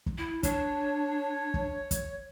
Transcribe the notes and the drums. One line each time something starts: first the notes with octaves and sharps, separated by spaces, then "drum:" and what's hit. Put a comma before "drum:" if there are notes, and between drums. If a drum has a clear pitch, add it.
drum: kick
E4
D4 C#5, drum: kick, hi-hat
drum: kick
drum: kick, hi-hat